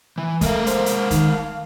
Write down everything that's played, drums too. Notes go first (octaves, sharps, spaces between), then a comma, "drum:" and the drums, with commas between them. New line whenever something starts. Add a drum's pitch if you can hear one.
E3
G#3 A3 A#4 F5, drum: kick, hi-hat
C5, drum: hi-hat
drum: hi-hat
D#3, drum: kick, hi-hat
F5